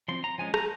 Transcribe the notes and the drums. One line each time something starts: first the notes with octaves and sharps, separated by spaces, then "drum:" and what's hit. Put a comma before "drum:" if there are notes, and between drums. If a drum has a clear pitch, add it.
F3 C4 C6
A#5
F3 G#3 C#4 G#5
A#5, drum: rim click